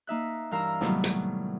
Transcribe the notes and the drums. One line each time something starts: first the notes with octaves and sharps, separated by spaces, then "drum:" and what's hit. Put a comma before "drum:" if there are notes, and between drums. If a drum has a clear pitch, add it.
A#3 D#4 E5 F#6
G2 E3 A#4 F5 A#5 E6
A2 C3 D#3 F#3 G3 B3, drum: snare
drum: hi-hat